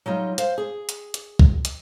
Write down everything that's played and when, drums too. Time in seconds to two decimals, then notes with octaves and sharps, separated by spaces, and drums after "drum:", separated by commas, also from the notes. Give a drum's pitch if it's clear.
0.06 F#3 G3 D#4 F4
0.38 C5 F5, drum: hi-hat
0.58 G#4
0.89 drum: hi-hat
1.14 drum: hi-hat
1.39 drum: kick
1.65 drum: hi-hat